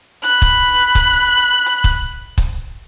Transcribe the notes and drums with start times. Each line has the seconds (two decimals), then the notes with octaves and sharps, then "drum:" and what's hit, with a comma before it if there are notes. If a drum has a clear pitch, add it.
0.24 B5 F#6, drum: hi-hat
0.42 drum: kick
0.95 drum: kick, hi-hat
1.66 drum: hi-hat
1.84 drum: kick
2.38 drum: kick, hi-hat